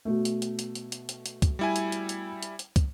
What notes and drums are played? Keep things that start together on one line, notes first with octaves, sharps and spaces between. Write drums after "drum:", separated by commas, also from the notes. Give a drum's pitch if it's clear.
B2 A3
drum: hi-hat
drum: hi-hat
drum: hi-hat
drum: hi-hat
drum: hi-hat
drum: hi-hat
drum: hi-hat
drum: kick, hi-hat
G3 E4 G#5
drum: hi-hat
drum: hi-hat
drum: hi-hat
drum: hi-hat
drum: hi-hat
drum: kick, hi-hat